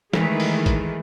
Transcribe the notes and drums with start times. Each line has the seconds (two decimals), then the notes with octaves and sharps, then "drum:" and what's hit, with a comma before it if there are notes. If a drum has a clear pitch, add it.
0.13 D#3 E3 G#3 A3, drum: snare
0.40 drum: open hi-hat
0.66 drum: kick A1, hi-hat